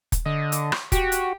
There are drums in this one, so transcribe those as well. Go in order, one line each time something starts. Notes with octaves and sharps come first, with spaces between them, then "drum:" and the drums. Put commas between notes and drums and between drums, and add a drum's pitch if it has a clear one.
drum: kick, hi-hat
D3 D#5
drum: hi-hat
drum: rim click
F#4 G4, drum: kick, hi-hat
drum: hi-hat